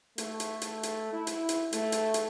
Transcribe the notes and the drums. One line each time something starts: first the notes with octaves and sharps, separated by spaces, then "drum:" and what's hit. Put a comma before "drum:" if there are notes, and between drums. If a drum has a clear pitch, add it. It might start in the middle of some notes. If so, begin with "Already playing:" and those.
A3, drum: hi-hat
drum: hi-hat
drum: hi-hat
drum: hi-hat
E4
drum: hi-hat
drum: hi-hat
A3, drum: hi-hat
drum: hi-hat
drum: hi-hat